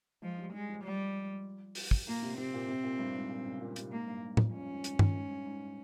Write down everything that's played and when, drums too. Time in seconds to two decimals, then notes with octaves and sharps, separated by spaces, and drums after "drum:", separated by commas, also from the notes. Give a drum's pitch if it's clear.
0.22 F3 G#3
0.38 G3
0.53 G3 G#3
0.69 F3
0.84 G3
1.75 drum: open hi-hat
1.91 drum: kick
2.07 A#2 A#3
2.22 C3
2.38 C3 C4
2.54 A#2
2.68 C3
2.83 A#2
2.99 G2
3.15 G#2
3.30 A#2
3.46 C#3
3.61 A#2
3.76 C3, drum: hi-hat
3.92 G#2 A#3
4.07 G2
4.23 G2
4.37 F2, drum: tom A2
4.53 G2 C#4
4.68 G#2
4.84 G#2, drum: hi-hat
4.99 F2, drum: tom G2
5.09 A#2
5.15 G#2
5.30 G2
5.46 G#2